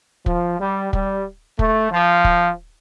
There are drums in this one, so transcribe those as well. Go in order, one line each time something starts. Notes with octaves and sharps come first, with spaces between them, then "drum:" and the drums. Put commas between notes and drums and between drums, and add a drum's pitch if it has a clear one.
F3, drum: kick
G3
G3, drum: kick
A3, drum: kick
F3
drum: kick